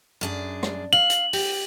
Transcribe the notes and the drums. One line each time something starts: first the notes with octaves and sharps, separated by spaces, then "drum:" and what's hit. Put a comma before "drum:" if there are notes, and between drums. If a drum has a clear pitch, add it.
F#2 D4 G#4
drum: rim click
F5 F#7
drum: hi-hat
G4, drum: open hi-hat